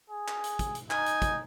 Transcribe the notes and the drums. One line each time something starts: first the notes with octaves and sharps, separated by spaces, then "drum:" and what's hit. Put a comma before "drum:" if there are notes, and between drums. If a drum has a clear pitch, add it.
G#4
drum: clap
drum: hi-hat
drum: kick, hi-hat
drum: hi-hat
D#4 G#5, drum: clap
drum: hi-hat
drum: kick, hi-hat